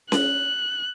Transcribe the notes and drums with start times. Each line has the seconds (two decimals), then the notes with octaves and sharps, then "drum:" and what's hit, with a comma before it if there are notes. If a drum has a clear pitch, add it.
0.12 F#6, drum: snare C#4